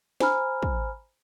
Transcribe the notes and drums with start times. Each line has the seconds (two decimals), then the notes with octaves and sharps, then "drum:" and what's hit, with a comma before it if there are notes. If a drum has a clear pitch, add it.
0.20 C5 G#5 A#5 B5 F6, drum: snare
0.62 drum: kick